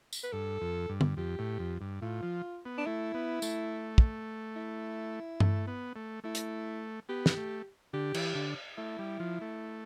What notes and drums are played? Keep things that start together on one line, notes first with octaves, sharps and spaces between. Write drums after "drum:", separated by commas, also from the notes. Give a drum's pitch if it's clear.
drum: tambourine
B4
G2 A4
F2
G2
drum: tom
F2 G4
A2
F2
G2
A2 F4
F3
B3
D4
A3 E4
B3
A3, drum: tambourine
drum: kick
E4
A3, drum: tom
B3
A3
A3 E4
drum: hi-hat
B3 G4
drum: snare
A3
D3 G4
E3, drum: cymbal
D3
A3 E4
G3
F3
A3